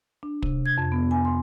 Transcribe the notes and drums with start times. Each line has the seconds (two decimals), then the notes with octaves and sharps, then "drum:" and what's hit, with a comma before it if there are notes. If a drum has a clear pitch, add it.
0.23 D4
0.42 C3, drum: kick
0.66 G#6
0.78 F2
0.92 B3
1.11 G#5
1.25 C6